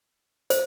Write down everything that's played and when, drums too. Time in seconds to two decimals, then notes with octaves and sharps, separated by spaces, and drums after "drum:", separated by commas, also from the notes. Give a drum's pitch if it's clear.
0.50 C5, drum: hi-hat